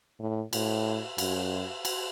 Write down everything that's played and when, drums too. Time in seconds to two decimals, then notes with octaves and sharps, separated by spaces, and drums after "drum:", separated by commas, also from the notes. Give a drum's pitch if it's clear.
0.19 A2
0.53 A2, drum: cymbal
1.18 F#2, drum: cymbal
1.85 drum: cymbal